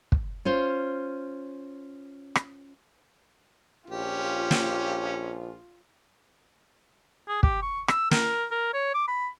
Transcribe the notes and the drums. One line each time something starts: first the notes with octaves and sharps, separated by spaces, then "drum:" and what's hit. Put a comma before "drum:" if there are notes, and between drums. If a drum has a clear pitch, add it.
drum: kick
C#4 F4 C5
drum: rim click
A#1 C#4 F4 G4
drum: snare
G#4
G4, drum: kick
C#6
E6, drum: rim click
A#4, drum: snare
A#4
C#5
D6
B5